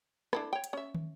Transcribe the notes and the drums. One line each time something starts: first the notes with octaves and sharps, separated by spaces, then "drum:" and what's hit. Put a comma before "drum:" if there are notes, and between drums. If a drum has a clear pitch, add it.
D4 E4 A4, drum: rim click
C#5 G5
drum: hi-hat
C#4 E5
drum: tom